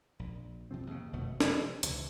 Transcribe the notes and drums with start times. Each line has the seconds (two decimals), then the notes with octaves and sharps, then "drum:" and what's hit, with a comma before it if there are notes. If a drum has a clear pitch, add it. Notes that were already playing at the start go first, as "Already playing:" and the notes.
0.19 A#1
0.71 C3 F3 C4
0.87 D#2 G#2 C#3
1.13 G1 F2 B2 A3
1.40 C3 F3, drum: snare
1.83 C#2 C3 E3, drum: hi-hat